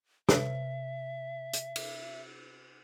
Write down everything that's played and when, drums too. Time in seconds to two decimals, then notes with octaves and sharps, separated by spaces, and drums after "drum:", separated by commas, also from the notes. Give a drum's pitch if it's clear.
0.29 C3 A4 B4 C#5 E5, drum: snare
1.53 drum: hi-hat
1.76 drum: cymbal